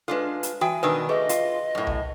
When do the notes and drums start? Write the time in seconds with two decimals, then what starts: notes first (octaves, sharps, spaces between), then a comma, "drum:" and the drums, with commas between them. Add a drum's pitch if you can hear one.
0.08 G#3 D4 F4 A4 B4
0.43 drum: hi-hat
0.61 E3 F#4 G5 G#5 D#6
0.83 B2 D#3 D4 B4 D#6 E6
1.09 A3 G#4 B4 D#5 G#5
1.29 F4, drum: hi-hat
1.75 F#2 A2
1.87 drum: tom C2